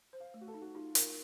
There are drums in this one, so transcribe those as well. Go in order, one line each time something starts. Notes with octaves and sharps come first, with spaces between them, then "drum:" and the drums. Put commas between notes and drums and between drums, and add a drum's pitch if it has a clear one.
C5
F5
A3
F#4
A4
D#4
F#4
D#4 F4
A#4, drum: hi-hat